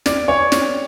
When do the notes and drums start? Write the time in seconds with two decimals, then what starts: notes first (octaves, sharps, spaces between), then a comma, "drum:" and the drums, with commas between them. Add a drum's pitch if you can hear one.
0.06 D5, drum: snare
0.28 C#5
0.52 drum: snare